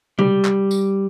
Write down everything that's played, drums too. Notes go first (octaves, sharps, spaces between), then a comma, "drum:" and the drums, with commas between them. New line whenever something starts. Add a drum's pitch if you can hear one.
G3, drum: tom C3
drum: clap
drum: tambourine